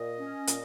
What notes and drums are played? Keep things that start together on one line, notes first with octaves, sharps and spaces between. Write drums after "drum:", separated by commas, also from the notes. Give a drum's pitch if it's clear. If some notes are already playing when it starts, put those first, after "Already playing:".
Already playing: A#2 D#5
C#4
A#2, drum: hi-hat